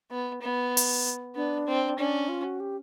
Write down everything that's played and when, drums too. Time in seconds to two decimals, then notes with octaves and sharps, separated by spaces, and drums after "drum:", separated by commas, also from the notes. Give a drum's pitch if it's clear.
0.10 B3
0.42 B3
0.77 drum: open hi-hat
1.35 B3 D4
1.67 C4
1.98 C#4 D4
2.29 F4
2.44 F#4
2.60 G4